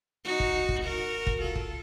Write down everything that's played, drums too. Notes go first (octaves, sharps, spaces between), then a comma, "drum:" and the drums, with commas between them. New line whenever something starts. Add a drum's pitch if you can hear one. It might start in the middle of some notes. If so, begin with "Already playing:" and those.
D#4 F#4
drum: kick
drum: kick
F#4 A#4
drum: kick
F4 A4
drum: kick